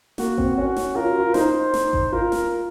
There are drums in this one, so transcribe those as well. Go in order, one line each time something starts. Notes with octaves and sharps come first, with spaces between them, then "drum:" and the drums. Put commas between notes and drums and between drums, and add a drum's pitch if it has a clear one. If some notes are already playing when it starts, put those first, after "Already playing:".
A#3 F#4, drum: snare
C4, drum: kick G#1
C#4 F#4
drum: snare
F4 A#4
F#4
F4
D#4 C5, drum: snare
drum: snare
drum: kick G#1
F4 A#4
drum: snare